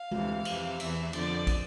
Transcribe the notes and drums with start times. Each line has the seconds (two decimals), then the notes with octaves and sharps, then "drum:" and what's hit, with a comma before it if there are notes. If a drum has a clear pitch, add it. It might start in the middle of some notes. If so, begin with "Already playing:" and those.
Already playing: F5
0.11 D2 C3 E3, drum: tom G#3
0.45 F2 C3 E3, drum: cymbal
0.80 E2 E3 E5, drum: cymbal
1.13 F2 D3 F3 D5, drum: cymbal
1.47 drum: kick, cymbal